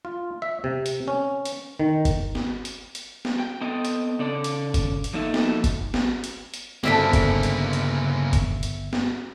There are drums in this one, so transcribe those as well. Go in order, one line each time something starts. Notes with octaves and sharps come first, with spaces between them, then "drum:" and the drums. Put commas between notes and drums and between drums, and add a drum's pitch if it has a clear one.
F4
E5
C3
drum: hi-hat
C#4
drum: hi-hat
D#3
drum: kick G1, hi-hat
drum: snare
drum: hi-hat
drum: hi-hat
drum: snare
G5
B3 C4 A4 D#5 G5
drum: hi-hat
C#3 A4 D5
drum: hi-hat
drum: kick G1, hi-hat
drum: hi-hat
F3 A#3 D#4 A4 E5
drum: snare
drum: kick G1, hi-hat
drum: snare
drum: hi-hat
drum: hi-hat
G1 C#3 A#3 C4 D4 A4 E5 B6, drum: snare
drum: kick G1, hi-hat
drum: hi-hat
drum: hi-hat
drum: kick G1, hi-hat
drum: hi-hat
drum: snare